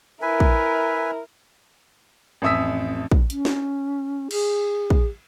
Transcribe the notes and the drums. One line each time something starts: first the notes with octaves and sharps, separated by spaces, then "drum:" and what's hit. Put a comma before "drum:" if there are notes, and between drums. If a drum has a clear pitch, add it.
E4 A#4 B4 E5 G#5
drum: kick
A1 F2 E5 D#6 E6 B6
drum: kick
C#4, drum: hi-hat
drum: snare
G#4, drum: cymbal
drum: kick